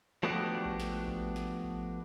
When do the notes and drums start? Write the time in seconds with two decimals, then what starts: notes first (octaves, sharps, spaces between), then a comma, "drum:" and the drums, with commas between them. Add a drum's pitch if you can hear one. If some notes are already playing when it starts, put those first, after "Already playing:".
0.23 F3 A3 B3 D4 F#4 G4
0.65 drum: kick A1
0.80 drum: snare
1.08 drum: kick A1
1.36 drum: snare
1.64 drum: kick A1